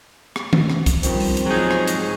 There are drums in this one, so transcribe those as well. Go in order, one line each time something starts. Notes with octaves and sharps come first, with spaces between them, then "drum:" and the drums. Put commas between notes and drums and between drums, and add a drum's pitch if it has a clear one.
drum: rim click
drum: tom D#3
drum: rim click
drum: kick C2, hi-hat
G2 D#3 F3 C4, drum: hi-hat
drum: open hi-hat
drum: hi-hat
G#2 F3 F#3 D#4 G#4
drum: rim click
drum: hi-hat